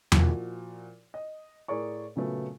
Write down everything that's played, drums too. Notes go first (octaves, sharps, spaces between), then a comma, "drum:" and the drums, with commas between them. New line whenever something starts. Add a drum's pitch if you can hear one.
A#2 F3 E4 F#4, drum: tom E2
D#5
A2 G#4 A#4 D5 C#6
A#2 C#3 F#3 A3 B3